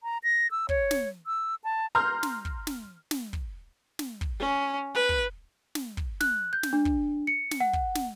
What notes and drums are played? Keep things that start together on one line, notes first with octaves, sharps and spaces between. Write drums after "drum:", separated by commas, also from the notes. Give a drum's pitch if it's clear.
A#5
A#6
E6
C#5, drum: kick
drum: snare
E6
A5
A#5 C6 F6 G6
drum: snare
drum: kick
drum: snare
drum: snare
drum: kick
drum: snare
drum: kick
C#4
B4
drum: kick
drum: snare
drum: kick
F#6, drum: snare
G6
drum: snare
D4
drum: kick
C#7
drum: snare
F#5
drum: kick
drum: snare